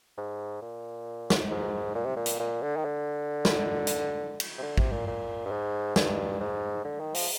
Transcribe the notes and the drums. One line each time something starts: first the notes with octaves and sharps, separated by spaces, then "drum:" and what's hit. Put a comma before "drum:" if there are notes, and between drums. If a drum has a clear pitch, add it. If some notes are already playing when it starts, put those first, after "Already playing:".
G#2
A#2
drum: snare
G#2
A#2
C3
A#2
drum: hi-hat
A#2
D3
D#3
D3
drum: snare
drum: hi-hat
drum: cymbal
C3
D3
C3, drum: kick A1
A#2
A#2
G2
G#2
G2, drum: snare
G#2
D3
D#3
F3, drum: open hi-hat